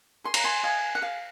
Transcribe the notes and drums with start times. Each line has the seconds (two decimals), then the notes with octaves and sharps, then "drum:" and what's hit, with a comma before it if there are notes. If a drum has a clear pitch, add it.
0.24 G#4 C6
0.34 A#5, drum: cymbal
0.44 G#5 C6
0.64 D#5 F5 G#5
0.95 F#5
1.02 G#4 F5